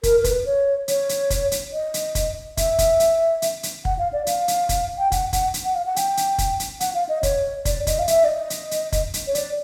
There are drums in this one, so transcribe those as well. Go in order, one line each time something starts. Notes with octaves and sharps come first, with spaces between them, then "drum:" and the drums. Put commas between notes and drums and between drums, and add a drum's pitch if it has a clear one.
A#4, drum: kick, hi-hat
A#4
B4, drum: kick, hi-hat
C#5
C#5, drum: hi-hat
drum: hi-hat
drum: kick, hi-hat
drum: hi-hat
D#5
drum: hi-hat
drum: kick, hi-hat
E5, drum: kick, hi-hat
drum: kick, hi-hat
drum: hi-hat
drum: hi-hat
drum: hi-hat
F#5, drum: kick
F5
D5
F5, drum: hi-hat
drum: hi-hat
drum: kick, hi-hat
G5
F#5, drum: kick, hi-hat
F#5, drum: kick, hi-hat
drum: hi-hat
F#5
F5
F#5
G5, drum: hi-hat
drum: hi-hat
drum: kick, hi-hat
drum: hi-hat
F#5, drum: hi-hat
F5
D#5
C#5, drum: kick, hi-hat
D5, drum: kick, hi-hat
D#5, drum: kick, hi-hat
F5
E5, drum: hi-hat
D5
D#5
drum: hi-hat
drum: hi-hat
drum: kick, hi-hat
drum: hi-hat
C#5
D5, drum: hi-hat